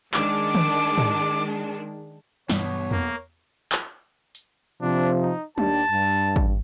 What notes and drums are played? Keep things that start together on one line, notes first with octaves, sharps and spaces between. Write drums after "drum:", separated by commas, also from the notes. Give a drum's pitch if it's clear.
D#3 G#3 D4 D6, drum: clap
drum: tom
drum: tom G#2
B1 G2 B2 E3 G3 C#5, drum: snare
A#3, drum: tom E2
drum: clap
drum: hi-hat
C3 F3 D4
D#4
D#2 D4 G4 A5, drum: tom F#3
G2
drum: kick